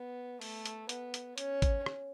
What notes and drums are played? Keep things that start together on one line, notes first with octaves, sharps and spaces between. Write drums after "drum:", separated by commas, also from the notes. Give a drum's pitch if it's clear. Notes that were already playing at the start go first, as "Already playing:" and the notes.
Already playing: B3
A3, drum: open hi-hat
drum: hi-hat
B3, drum: hi-hat
drum: hi-hat
C#4, drum: hi-hat
drum: kick, hi-hat
drum: rim click